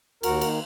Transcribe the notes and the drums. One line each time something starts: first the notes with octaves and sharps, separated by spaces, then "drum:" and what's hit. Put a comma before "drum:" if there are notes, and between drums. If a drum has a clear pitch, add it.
D#2 F#4 A#4, drum: cymbal
D#3 A#3, drum: cymbal